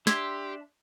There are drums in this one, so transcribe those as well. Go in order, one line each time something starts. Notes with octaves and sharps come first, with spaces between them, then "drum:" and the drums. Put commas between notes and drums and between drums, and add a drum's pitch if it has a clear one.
D4 G4 E5 C6 G#6, drum: snare